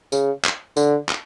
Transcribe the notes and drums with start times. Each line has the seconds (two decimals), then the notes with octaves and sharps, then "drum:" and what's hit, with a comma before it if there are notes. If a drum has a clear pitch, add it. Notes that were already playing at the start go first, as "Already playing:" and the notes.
0.12 C#3, drum: tambourine
0.45 drum: clap
0.77 D3, drum: tambourine
1.09 drum: clap